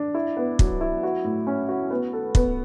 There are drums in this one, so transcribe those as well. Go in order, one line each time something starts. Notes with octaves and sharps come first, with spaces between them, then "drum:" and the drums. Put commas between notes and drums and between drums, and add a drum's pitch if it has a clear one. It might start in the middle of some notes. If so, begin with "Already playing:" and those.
Already playing: D4
E4
B3
F#3, drum: kick
E4
F#4
A2
C#4
F#4
B3
A4
B3, drum: kick